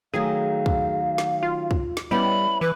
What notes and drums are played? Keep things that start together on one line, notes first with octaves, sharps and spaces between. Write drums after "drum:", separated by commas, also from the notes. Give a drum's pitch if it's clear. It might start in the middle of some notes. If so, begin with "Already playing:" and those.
D#3 F#3 A3 G#4 F5
drum: kick
drum: snare
F4
drum: kick
drum: snare
G3 B3 C#4 E4 D#5 B5
E3 B4 D6